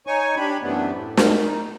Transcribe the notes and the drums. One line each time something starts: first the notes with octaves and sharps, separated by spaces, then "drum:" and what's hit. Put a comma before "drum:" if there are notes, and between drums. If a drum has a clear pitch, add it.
D#4 C#5 G#5 C#6
D4 G4 B5
F#2 C3 E3 A3 B3 D4
A2
drum: snare
D#4